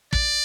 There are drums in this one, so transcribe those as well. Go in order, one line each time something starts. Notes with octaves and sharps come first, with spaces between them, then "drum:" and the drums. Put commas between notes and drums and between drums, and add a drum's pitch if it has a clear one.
D5, drum: kick